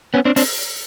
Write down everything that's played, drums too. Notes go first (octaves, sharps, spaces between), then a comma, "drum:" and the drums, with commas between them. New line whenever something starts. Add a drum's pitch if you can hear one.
B3 C#4
C4 D4
C4 D4, drum: open hi-hat